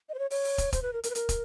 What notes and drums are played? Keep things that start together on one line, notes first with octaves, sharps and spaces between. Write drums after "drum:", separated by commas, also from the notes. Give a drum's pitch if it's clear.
D#5
C5
C#5
C#5, drum: open hi-hat
drum: open hi-hat
drum: kick, hi-hat
C5, drum: kick, hi-hat
B4
A#4
A#4, drum: hi-hat
B4
A#4, drum: hi-hat
drum: kick, hi-hat